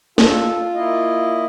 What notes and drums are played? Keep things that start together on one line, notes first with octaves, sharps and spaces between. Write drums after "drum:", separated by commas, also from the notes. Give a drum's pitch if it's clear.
F4 A4, drum: snare
A#3 E4 D#5